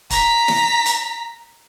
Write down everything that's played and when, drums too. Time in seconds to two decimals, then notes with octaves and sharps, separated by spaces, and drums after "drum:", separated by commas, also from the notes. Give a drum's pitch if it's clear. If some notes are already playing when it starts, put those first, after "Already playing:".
0.10 A#5 B6, drum: kick, hi-hat
0.48 drum: snare
0.86 drum: hi-hat